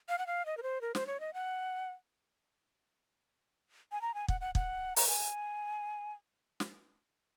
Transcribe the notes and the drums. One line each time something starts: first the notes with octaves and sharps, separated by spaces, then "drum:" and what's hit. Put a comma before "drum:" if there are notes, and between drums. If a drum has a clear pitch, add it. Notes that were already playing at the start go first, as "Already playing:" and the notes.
F5
F#5
F5
D#5
A#4
C5
A#4
C5, drum: snare
C#5
D#5
F#5
G#5
A#5
G#5
F#5, drum: kick
F#5
F#5, drum: kick
A#5, drum: open hi-hat
G#5
drum: snare